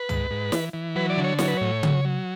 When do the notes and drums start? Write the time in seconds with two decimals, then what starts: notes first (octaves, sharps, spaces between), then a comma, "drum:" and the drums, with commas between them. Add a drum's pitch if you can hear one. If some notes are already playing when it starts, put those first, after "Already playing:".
Already playing: B4
0.09 G#2, drum: tom C#2
0.31 G#2
0.52 E3, drum: snare
0.73 E3
0.96 F#3 B4
1.10 D5
1.18 D3
1.24 C#5
1.39 F#3 C#5, drum: snare
1.48 B4
1.57 A2 C#5
1.83 F#3, drum: tom C#3
2.05 F#3